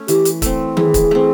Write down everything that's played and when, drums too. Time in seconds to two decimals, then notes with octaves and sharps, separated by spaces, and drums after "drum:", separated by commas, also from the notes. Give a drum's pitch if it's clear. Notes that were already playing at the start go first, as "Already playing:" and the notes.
Already playing: A3 C#4
0.08 E3 G4, drum: hi-hat
0.25 drum: hi-hat
0.42 A3 C4, drum: kick, hi-hat
0.77 E3 G#4, drum: tom D#3
0.94 drum: kick, hi-hat
1.11 A3 C4